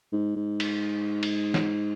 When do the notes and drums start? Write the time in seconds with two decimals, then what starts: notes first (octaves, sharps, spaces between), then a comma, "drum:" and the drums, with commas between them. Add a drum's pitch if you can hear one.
0.13 G#2
0.36 G#2
0.60 drum: cymbal
1.23 drum: cymbal
1.54 drum: snare